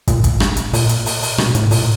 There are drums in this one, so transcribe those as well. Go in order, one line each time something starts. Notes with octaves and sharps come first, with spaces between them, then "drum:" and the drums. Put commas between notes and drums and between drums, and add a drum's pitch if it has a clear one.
A#2, drum: kick, hi-hat
drum: kick, hi-hat
drum: rim click
drum: hi-hat
A#2, drum: open hi-hat
drum: hi-hat
drum: open hi-hat
drum: open hi-hat
B2, drum: rim click
A2, drum: hi-hat
A#2, drum: open hi-hat